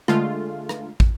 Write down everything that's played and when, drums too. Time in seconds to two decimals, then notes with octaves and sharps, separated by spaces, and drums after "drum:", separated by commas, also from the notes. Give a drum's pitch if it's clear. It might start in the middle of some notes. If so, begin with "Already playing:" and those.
0.08 D3 G#3 A3 F4, drum: rim click
0.69 drum: rim click
1.00 drum: kick